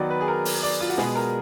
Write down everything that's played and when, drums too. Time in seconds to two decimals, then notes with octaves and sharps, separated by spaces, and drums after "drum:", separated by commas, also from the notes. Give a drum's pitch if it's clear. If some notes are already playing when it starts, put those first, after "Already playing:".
Already playing: D#3 F#3 B3 D5
0.10 B4
0.21 G#4
0.28 A#4
0.45 drum: open hi-hat
0.63 D5
0.81 F4
0.89 F#4
0.98 B2 G#3 B3 G#4, drum: snare
1.15 A#4